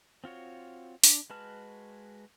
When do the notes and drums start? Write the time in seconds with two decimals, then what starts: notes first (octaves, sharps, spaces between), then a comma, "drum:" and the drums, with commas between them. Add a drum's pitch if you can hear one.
0.24 C4 F4 F#4 C#5
1.04 D4 D6, drum: open hi-hat
1.30 G#3 F#4 B4 A5 F6